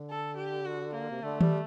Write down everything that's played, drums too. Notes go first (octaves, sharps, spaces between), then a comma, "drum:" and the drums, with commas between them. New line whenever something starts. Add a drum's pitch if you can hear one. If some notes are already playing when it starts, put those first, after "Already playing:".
Already playing: D3
A4
G4
F#4
A#3
C3
D3 A3
G3, drum: tom D#3